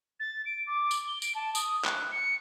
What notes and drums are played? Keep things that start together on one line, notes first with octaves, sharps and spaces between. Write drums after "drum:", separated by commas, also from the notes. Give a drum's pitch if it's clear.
A6
D7
D6
drum: tambourine
G7
D7, drum: tambourine
A5
D#6, drum: tambourine
F#6, drum: clap
C#7